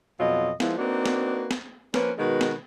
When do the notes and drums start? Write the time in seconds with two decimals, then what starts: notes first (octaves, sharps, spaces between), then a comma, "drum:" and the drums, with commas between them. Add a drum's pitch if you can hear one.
0.20 F2 B2 F#3 F4 D#5
0.60 F3 G#3 A#3 B3 E4 B4, drum: snare
0.78 A#3 C4 D4 D#4 F#4 B4
1.06 drum: snare
1.51 drum: snare
1.94 F3 A#3 C#4 B4, drum: snare
2.18 B2 D#3 G#3 F#4 A#4 B4
2.41 drum: snare